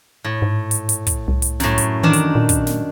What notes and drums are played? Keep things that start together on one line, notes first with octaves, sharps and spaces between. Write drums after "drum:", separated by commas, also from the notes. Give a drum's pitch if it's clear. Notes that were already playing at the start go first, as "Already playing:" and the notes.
A2
G#2
drum: hi-hat
drum: hi-hat
drum: kick, hi-hat
C2
drum: hi-hat
F#2 A2, drum: snare
drum: hi-hat
D#3 E3 D4
drum: hi-hat
A#2
drum: kick, hi-hat
drum: snare